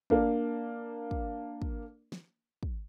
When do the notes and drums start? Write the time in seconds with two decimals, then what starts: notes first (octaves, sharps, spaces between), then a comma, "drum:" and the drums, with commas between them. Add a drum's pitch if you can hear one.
0.10 A#3 D4, drum: kick
1.11 drum: kick
1.62 drum: kick
2.12 drum: snare
2.63 drum: kick